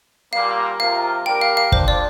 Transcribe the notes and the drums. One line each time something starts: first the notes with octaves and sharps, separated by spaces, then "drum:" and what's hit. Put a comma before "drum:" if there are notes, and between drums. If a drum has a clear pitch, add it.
A#2 G3 A#3 F5
C3 F3 A#3 F4 A#4 F5
G3 D4 A#4 G5
F5
F5
D3 F3 D4 C5, drum: kick
D5